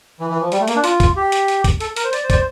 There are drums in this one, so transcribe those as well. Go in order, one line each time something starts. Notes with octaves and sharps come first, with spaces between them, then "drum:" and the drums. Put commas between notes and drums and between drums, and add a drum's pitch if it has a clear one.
E3
E3
F3
G3, drum: hi-hat
A3
A#3, drum: hi-hat
D4
F4, drum: hi-hat
drum: kick, hi-hat
G4
drum: hi-hat
drum: hi-hat
drum: kick, hi-hat
A4, drum: hi-hat
A#4, drum: hi-hat
C5
D5, drum: hi-hat
C5
D5, drum: kick, hi-hat
C5